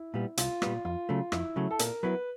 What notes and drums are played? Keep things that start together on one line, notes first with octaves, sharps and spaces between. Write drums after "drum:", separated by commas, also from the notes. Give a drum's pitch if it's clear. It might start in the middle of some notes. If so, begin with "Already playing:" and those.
Already playing: E4
A#2 G3 B3
C2 F4, drum: hi-hat
A#2 G3 B3, drum: rim click
F2 F4
C#3 F#3 A3
F2 E4, drum: rim click
C#3 F#3 A3
A4
A#2 A#4, drum: hi-hat
F#3 B3 E4 B4